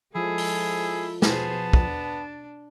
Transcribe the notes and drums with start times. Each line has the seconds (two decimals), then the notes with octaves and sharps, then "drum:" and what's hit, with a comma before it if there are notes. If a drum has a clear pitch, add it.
0.15 F3 G#3 E4 G#4 A4
0.38 drum: open hi-hat
1.22 B2 B3 G#4 C5 A5, drum: snare
1.73 D4, drum: kick